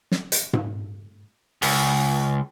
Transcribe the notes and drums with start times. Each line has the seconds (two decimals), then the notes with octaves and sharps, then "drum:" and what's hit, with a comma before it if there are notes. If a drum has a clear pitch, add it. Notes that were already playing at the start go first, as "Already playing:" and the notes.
0.12 drum: snare
0.32 drum: hi-hat
0.53 drum: tom G#2
1.62 C#2, drum: open hi-hat